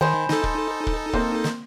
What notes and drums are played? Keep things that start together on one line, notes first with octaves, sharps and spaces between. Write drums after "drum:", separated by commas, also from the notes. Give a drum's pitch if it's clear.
D#3 C5 G#5 B5
D#4 A4, drum: snare
drum: kick
drum: kick
A#3 C4 C5, drum: kick
drum: snare